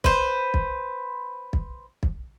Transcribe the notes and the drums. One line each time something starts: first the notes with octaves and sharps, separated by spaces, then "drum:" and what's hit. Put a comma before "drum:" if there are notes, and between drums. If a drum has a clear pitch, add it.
B4 C5, drum: kick
drum: kick
drum: kick
drum: kick